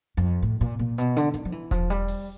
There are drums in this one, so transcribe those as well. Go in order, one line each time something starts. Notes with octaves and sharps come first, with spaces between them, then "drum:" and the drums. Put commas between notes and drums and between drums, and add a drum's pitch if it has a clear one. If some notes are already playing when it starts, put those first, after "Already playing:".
F2
A2
A#2
A#2
B2, drum: hi-hat
D3
D3, drum: hi-hat
F3
E3
F3, drum: kick E1, hi-hat
G3
drum: open hi-hat